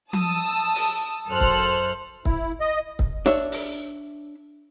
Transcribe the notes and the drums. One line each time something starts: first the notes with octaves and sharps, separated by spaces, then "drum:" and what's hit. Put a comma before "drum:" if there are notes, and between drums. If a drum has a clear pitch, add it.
A5 D#6 E6, drum: tom F3
drum: open hi-hat
F#2 A4 C5 F6 F#6
drum: kick
E4, drum: kick
D#5
drum: kick
D4 C#5 E5, drum: snare
drum: open hi-hat